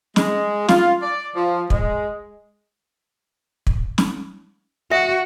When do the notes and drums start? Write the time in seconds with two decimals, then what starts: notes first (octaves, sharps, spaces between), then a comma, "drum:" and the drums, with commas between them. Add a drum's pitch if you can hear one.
0.16 G#3, drum: snare
0.69 F4, drum: snare
1.02 D5
1.35 F3
1.70 G#3, drum: kick
3.67 drum: kick
3.98 drum: snare
4.91 F#4 E5